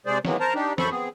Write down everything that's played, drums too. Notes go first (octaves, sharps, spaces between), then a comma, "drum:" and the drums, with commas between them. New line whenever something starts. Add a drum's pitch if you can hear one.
C3 G#3 G#4 C5 D5
D#3 E3 F#3 G#3 A#3 B3, drum: snare
A#4 C5 A5 A#5
D4 D#4 G4
F#2 A4 C5 B5 C#6, drum: snare
B3 C4 G#4